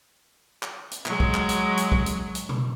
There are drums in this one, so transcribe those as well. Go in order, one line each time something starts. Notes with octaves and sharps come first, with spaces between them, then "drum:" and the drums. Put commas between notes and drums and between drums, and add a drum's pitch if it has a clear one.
drum: clap
drum: hi-hat
F#3 G#3, drum: clap
drum: kick
drum: clap
drum: hi-hat
drum: hi-hat
drum: kick
drum: hi-hat
drum: hi-hat
drum: tom